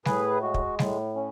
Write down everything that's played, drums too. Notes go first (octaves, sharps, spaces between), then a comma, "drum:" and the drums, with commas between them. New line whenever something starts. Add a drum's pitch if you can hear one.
A2 G#4 B4, drum: snare
G#3 F#4
drum: kick
A2, drum: snare
C#4